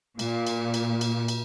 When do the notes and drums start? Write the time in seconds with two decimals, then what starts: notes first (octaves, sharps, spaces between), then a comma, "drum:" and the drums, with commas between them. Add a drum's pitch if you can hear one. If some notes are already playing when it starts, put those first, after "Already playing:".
0.19 A#2, drum: cymbal
0.47 drum: cymbal
0.74 drum: cymbal
1.01 drum: cymbal
1.28 drum: cymbal